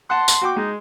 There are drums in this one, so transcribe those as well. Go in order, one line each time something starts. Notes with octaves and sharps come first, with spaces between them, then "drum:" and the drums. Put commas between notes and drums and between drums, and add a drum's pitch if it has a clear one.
F#5 A5 C6
drum: tambourine
F#4 G5 D6
G#3 D#4